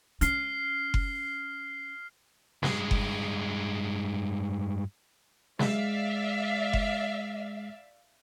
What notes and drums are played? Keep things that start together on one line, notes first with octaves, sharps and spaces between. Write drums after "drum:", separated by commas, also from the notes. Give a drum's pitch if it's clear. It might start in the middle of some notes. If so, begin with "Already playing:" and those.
C#4 F6 C7, drum: hi-hat
drum: kick F#1
G2 G#3, drum: snare
drum: kick F#1
G#3 D5 E5 F5, drum: snare
drum: kick F#1